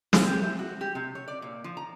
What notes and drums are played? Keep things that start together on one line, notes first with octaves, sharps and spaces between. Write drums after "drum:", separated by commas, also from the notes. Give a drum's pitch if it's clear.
G#4, drum: snare
G4
E5
F#4
G4
C3
C#5
D5
A#2
F3
A#5